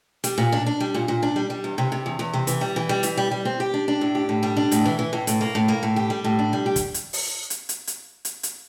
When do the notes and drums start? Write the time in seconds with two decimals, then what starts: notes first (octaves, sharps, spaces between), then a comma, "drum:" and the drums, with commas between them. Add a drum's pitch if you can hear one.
0.24 G3, drum: hi-hat
0.38 A#2
0.52 D4
0.66 D4
0.80 G3
0.94 A#2
1.08 A#2
1.22 D4
1.36 G3
1.50 G3
1.64 E2
1.78 C3
1.92 C3
2.06 E2
2.19 E2
2.33 C3
2.47 E3, drum: hi-hat
2.61 G3
2.76 E3
2.89 G3
3.03 E3, drum: hi-hat
3.17 G3
3.31 G3
3.45 C4
3.60 G4
3.74 D4
3.88 D4
4.01 A2
4.15 G4
4.29 A2
4.43 G3
4.57 D4
4.72 A2, drum: hi-hat
4.86 E3
4.99 E3
5.13 A2
5.27 A2, drum: hi-hat
5.41 A#3
5.55 A2
5.68 A#3
5.83 A2
5.96 G4
6.10 G3
6.24 A2
6.39 D4
6.53 G3
6.66 G4
6.76 drum: kick, hi-hat
6.94 drum: hi-hat
7.13 drum: open hi-hat
7.50 drum: hi-hat
7.69 drum: hi-hat
7.87 drum: hi-hat
8.25 drum: hi-hat
8.43 drum: hi-hat